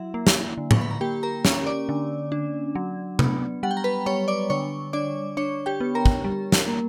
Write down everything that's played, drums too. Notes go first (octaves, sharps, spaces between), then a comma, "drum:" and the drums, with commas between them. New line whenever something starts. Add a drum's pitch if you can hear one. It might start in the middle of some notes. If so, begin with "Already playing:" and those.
Already playing: F#3 E4 E5
A#3
drum: snare
D3
C#6, drum: tom A2
B5
A#5
A#3 G4 G5
A#4 A#5
C#4, drum: snare
D5 D6
D3
D4
F#3
B3, drum: tom C3
G3 F#5
G5
A#5
B4 B5
G3 C#5 C#6
D5 D6
D3 C#5 C#6
D4 D5 D6
D4 C#5 C#6
G4 G5
B3
A#4 A#5
drum: kick
G3
drum: snare
A#3